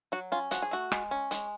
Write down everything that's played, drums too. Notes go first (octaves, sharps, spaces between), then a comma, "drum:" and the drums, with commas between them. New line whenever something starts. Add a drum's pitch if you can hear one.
F#3 F#4
C#4 F4
F3 F#4, drum: hi-hat
G#4
A3 F#4
G#3, drum: rim click
C#4
G#3, drum: hi-hat